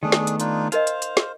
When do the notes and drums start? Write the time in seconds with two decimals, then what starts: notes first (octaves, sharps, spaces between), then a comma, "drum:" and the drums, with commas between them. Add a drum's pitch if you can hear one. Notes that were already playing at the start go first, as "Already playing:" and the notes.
0.03 D#3 A3 B3 D4 G#4
0.12 drum: snare
0.27 drum: hi-hat
0.40 D4 D#4 F4, drum: hi-hat
0.72 D#4 A#4 C5 D#5 F5, drum: hi-hat
0.87 drum: hi-hat
1.02 drum: hi-hat
1.17 drum: snare